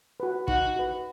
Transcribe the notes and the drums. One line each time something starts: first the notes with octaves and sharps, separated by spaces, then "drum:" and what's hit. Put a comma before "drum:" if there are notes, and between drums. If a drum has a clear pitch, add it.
F#4 B4
D#4 F#4, drum: kick
F#4 B4